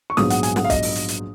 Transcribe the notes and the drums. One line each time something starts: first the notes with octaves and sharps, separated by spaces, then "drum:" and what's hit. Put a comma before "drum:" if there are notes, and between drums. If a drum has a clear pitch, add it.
C#6
A#1 G#2 F#3 B3 D#6, drum: snare
F#5, drum: hi-hat
G#5, drum: hi-hat
F#5, drum: snare
F5
D#5, drum: kick B1, hi-hat
drum: open hi-hat
drum: hi-hat
drum: hi-hat